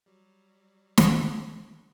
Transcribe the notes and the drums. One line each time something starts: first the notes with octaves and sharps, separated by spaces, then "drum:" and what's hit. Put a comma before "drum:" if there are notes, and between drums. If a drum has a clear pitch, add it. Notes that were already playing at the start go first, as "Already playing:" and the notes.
F#3 G3
drum: snare